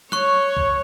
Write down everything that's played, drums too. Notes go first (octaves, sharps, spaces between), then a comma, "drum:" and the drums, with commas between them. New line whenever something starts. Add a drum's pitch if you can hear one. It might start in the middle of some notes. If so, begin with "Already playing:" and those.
C#5 C#6 F#6, drum: snare
drum: kick C2